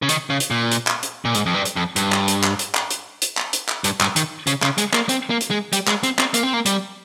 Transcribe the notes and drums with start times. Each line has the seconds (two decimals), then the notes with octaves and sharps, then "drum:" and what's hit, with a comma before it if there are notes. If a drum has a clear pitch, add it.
0.02 C#3
0.09 D#3, drum: hi-hat
0.30 C#3
0.40 drum: hi-hat
0.51 A#2
0.72 drum: hi-hat
0.87 drum: clap
1.03 drum: hi-hat
1.25 A#2
1.35 G#2, drum: hi-hat
1.46 F2
1.54 G2
1.65 drum: hi-hat
1.76 F2
1.96 G2, drum: hi-hat
2.12 drum: clap
2.28 drum: hi-hat
2.44 drum: clap
2.59 drum: hi-hat
2.75 drum: clap
2.91 drum: hi-hat
3.22 drum: hi-hat
3.37 drum: clap
3.53 drum: hi-hat
3.69 drum: clap
3.84 G2, drum: hi-hat
4.01 G2, drum: clap
4.16 D#3, drum: hi-hat
4.47 C#3, drum: hi-hat
4.63 C#3, drum: clap
4.78 G#3, drum: hi-hat
4.93 A#3, drum: clap
5.09 C4, drum: hi-hat
5.30 A#3
5.41 drum: hi-hat
5.51 G#3
5.73 G3, drum: hi-hat
5.88 G#3, drum: clap
6.03 C4, drum: hi-hat
6.19 C4, drum: clap
6.34 A#3, drum: hi-hat
6.43 C4
6.53 A#3
6.66 G3, drum: hi-hat